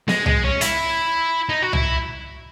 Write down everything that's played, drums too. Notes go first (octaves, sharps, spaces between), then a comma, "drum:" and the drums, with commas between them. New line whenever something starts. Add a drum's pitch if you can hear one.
G#3, drum: snare B3
G#3, drum: tom C2
C#4
E4, drum: hi-hat
D#4
F#4
E4, drum: tom C2